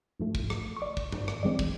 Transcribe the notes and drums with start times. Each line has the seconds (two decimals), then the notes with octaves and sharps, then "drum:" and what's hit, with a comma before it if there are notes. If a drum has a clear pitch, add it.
0.19 G#2 F3 A3
0.35 drum: kick
0.50 drum: rim click
0.76 C#6
0.81 D5 D6
0.97 drum: kick
1.12 drum: tom G2
1.28 drum: rim click
1.43 G2 E3 G#3 C4 D5 D6
1.59 drum: kick